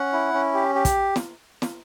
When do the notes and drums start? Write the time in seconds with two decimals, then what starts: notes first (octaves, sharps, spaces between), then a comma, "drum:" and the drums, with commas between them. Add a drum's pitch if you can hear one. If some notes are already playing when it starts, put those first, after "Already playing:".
Already playing: C#4 F#5
0.13 E4
0.33 C#4
0.54 G4
0.75 G4
0.85 drum: kick, hi-hat
1.16 drum: snare
1.62 drum: snare